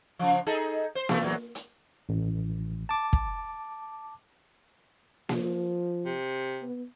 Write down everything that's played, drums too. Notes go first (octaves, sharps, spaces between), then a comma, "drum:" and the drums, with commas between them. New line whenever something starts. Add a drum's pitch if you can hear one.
C#3 F3
D#4 G#4 A4
C5
B2 E3 A3, drum: snare A#3
E2 A#2 F#3
drum: hi-hat
A1
A5 D6
drum: kick
F3, drum: snare A#3
C3
B3